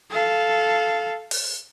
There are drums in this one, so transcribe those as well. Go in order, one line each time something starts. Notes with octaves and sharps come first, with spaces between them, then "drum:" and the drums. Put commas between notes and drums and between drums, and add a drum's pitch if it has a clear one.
A4 F5
drum: open hi-hat